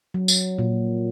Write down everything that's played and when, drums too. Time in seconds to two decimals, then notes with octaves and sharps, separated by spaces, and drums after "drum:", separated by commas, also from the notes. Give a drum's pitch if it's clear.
0.14 F#3
0.28 drum: tambourine
0.58 A#2